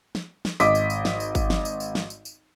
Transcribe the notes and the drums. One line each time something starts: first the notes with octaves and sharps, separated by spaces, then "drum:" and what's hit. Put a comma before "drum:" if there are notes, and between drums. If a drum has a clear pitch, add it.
drum: snare
drum: snare
G#1 D#5 D6 B6, drum: tambourine
drum: tambourine
drum: tambourine
drum: snare
drum: tambourine
drum: kick G1, tambourine
drum: snare
drum: tambourine
drum: tambourine
drum: snare
drum: tambourine
drum: tambourine